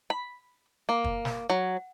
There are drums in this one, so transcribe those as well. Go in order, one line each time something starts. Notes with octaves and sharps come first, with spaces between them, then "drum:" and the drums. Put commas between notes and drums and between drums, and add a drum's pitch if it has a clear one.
B5
A#3
drum: kick
drum: snare
F#3